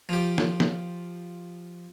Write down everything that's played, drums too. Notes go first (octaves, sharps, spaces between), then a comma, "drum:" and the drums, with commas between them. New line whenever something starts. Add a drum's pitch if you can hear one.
F3 G4
drum: snare
drum: snare